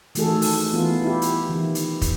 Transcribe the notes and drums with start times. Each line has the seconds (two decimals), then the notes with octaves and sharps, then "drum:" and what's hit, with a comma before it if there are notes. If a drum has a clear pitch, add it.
0.15 D#3 E3 A3 F#4 G#4 A4, drum: hi-hat
0.42 drum: open hi-hat
0.73 E3 B3 F4
1.02 E4 G4
1.22 drum: hi-hat
1.49 D#3 E3
1.75 drum: hi-hat
2.02 drum: kick, hi-hat